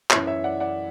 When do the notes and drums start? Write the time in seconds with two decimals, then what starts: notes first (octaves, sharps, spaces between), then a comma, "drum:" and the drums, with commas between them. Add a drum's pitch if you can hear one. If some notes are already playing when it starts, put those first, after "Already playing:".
0.11 F#2 E3 C#5 E5, drum: clap
0.27 C#5 E5
0.44 D5 F#5
0.60 D5 F#5